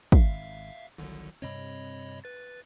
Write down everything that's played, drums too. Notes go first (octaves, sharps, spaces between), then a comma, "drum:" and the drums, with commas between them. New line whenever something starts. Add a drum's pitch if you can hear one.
G#1 E5 F5, drum: kick
G1 C2 D3 D#3 F#3
G2 C3 C4 C#5 D#5 B5
B4 A6